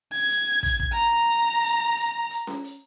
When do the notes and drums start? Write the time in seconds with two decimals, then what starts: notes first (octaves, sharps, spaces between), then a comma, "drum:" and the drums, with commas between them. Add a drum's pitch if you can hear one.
0.13 G#6
0.29 drum: hi-hat
0.63 drum: kick, hi-hat
0.80 drum: kick
0.93 A#5
1.63 drum: hi-hat
1.97 drum: hi-hat
2.30 drum: hi-hat
2.47 drum: snare C#4
2.64 drum: hi-hat